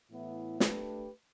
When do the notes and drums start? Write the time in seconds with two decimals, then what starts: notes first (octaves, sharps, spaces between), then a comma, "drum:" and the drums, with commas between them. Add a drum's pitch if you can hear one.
0.11 A2 E3 B3 E4
0.60 A3 D4 G4 B4, drum: snare